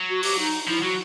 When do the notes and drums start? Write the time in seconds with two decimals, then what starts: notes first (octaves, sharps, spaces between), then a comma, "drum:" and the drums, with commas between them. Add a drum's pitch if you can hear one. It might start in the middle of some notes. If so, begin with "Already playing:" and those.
Already playing: F#3
0.09 F#4
0.23 G4, drum: open hi-hat
0.38 D#4
0.63 D#4
0.67 F3 E4
0.82 F#3 F#4